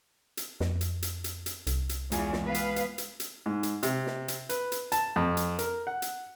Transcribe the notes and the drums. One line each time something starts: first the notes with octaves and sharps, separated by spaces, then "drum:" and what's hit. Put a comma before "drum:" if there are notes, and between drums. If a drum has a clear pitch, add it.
drum: hi-hat
F2, drum: snare
drum: hi-hat
drum: hi-hat
drum: hi-hat
drum: hi-hat
C2, drum: hi-hat
drum: hi-hat
E2 E3 G#3 F4 G#5, drum: hi-hat
drum: snare
B3 B4 F5
drum: hi-hat
drum: hi-hat
drum: hi-hat
drum: hi-hat
G#2
drum: hi-hat
C3, drum: hi-hat
drum: snare
drum: hi-hat
B4, drum: hi-hat
drum: hi-hat
A5, drum: hi-hat
F2
drum: hi-hat
A#4, drum: hi-hat
F#5
drum: hi-hat